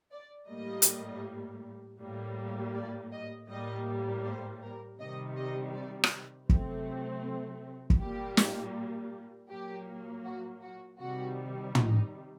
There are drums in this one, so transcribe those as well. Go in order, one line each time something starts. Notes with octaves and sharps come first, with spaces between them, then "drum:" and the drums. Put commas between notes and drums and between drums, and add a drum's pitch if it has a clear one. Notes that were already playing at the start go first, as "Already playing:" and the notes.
D5
A2 G3 A#3 D#5
drum: hi-hat
A2 G3 A#3
D5
D#5
A2 G3 A#3 D#5
C5
A#4
C3 D#3 G3 D#5
D#5
D5
drum: rim click
C3 F#3 A3 C4, drum: kick
drum: kick
A#2 G3 A#3 G4
drum: snare
A#2 F#3 A#3 G4
F#4
F#4
C3 D#3 G3 F#4
D#4, drum: tom